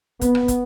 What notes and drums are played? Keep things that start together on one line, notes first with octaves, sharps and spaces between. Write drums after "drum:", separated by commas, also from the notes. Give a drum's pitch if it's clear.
B3, drum: kick, hi-hat
drum: rim click
drum: kick, hi-hat